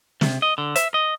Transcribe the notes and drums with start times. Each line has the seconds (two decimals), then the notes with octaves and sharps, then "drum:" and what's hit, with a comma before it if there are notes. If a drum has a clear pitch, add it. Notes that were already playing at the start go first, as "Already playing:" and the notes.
0.21 C3, drum: snare
0.42 D#5
0.58 D3
0.76 E5, drum: hi-hat
0.94 D#5